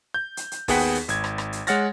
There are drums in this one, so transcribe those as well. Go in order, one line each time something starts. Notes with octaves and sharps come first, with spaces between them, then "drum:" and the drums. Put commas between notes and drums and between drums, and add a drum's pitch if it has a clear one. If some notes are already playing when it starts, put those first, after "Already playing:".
G6
drum: hi-hat
drum: hi-hat
D#2 B3 G#4 F#5 G5 B6, drum: kick, open hi-hat
drum: hi-hat
drum: hi-hat
G#1 G#6, drum: hi-hat
drum: rim click
drum: rim click
drum: hi-hat
G#3 C#5 F#5 F6 A6 A#6, drum: hi-hat